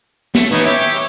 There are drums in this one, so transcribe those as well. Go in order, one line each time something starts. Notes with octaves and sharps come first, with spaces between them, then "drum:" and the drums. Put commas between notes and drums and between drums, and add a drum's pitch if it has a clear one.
A3, drum: snare
E3 C#4 D#4 B4 C#5, drum: hi-hat
G4 C#5 E5
drum: open hi-hat